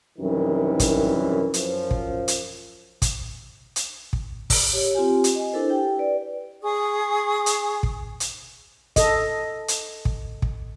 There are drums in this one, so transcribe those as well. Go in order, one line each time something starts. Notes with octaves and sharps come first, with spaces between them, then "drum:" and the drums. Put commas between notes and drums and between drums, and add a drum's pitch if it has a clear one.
C2 F#2 D#3 E3
drum: kick, hi-hat
F#2 F3, drum: hi-hat
drum: kick
drum: hi-hat
drum: kick, hi-hat
drum: hi-hat
drum: kick
drum: kick, open hi-hat
G4 C#5
C4 F4 G4 G#5
drum: hi-hat
D#5 G#5
D4 E4 A4 A#4 C5
G4 G5
B4 D5
G#4 C#6 D#6
drum: hi-hat
drum: kick
drum: hi-hat
A4 D#5, drum: kick, hi-hat
drum: hi-hat
drum: kick
drum: kick